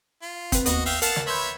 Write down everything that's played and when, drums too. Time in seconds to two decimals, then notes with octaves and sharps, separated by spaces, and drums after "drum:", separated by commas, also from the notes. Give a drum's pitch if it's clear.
0.22 F4
0.52 C4 B4, drum: kick, hi-hat
0.66 D#2 B3 F#4 B4 D#5, drum: hi-hat
0.86 E5 F5 G5, drum: open hi-hat
1.02 A#4 F5 F#5 A5 E7, drum: hi-hat
1.16 drum: snare
1.27 B4 C#5 E5 B5 C6 G6